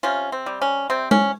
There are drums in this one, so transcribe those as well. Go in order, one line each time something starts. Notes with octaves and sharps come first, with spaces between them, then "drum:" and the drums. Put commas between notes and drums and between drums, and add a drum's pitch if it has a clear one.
C3 C#4 F4
C4
G3
C#4
C3 C4
C#4, drum: tom G#3